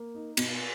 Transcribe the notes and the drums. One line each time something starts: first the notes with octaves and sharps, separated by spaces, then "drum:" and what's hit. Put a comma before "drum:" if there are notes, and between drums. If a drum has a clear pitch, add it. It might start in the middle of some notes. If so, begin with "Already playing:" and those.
Already playing: A#3
D#4
B2, drum: cymbal